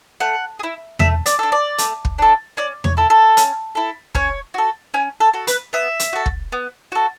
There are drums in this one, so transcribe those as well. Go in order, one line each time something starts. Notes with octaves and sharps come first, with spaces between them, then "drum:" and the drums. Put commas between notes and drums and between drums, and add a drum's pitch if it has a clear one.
A3 F#5
G#4
E4
A3 E5, drum: tom E2
D5, drum: hi-hat
D4 A4
D5
A3, drum: hi-hat
drum: kick
D4 A4
C#4 D5
C#5, drum: tom E2
E4 A4
A4
C#4, drum: hi-hat
E4 A4
C#4 C#5, drum: kick
F#4 A4
C#4 G#5
A4
F#4 A4
B4, drum: hi-hat
B3 E5
drum: hi-hat
F#4 A4
drum: kick
B3
F#4 A4